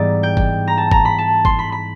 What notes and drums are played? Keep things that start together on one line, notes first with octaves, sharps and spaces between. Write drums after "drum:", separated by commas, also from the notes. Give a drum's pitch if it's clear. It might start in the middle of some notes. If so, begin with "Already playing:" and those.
Already playing: G#2 E3 G3 B3 D#4 D5
G5
drum: kick
A#5
A5
A#5, drum: kick
B5
A5
C6, drum: kick
B5
B5